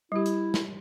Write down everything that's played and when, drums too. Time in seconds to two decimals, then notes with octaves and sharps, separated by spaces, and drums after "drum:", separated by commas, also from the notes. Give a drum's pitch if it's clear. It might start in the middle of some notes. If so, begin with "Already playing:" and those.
0.12 G3 E4 G4
0.26 drum: hi-hat
0.54 drum: snare